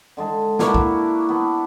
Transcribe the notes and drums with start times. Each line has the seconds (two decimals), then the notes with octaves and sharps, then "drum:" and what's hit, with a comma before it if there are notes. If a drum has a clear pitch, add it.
0.17 D3 G#3 A5
0.59 A#3 D4 E4 F#4, drum: snare
0.74 drum: kick B1
1.29 B3